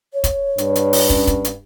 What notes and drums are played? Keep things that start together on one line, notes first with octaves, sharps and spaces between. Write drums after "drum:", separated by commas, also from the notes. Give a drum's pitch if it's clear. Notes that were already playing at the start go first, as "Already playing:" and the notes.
C#5
drum: kick, hi-hat
G2, drum: hi-hat
drum: hi-hat
drum: open hi-hat
C#4, drum: kick, hi-hat
drum: kick, hi-hat
drum: hi-hat